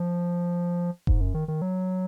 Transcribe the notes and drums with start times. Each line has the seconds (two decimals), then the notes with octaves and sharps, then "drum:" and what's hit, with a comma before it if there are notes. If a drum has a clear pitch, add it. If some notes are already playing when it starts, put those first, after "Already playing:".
Already playing: F3
1.07 G#2, drum: kick F1
1.21 F#2
1.34 D#3
1.48 D#3
1.62 F#3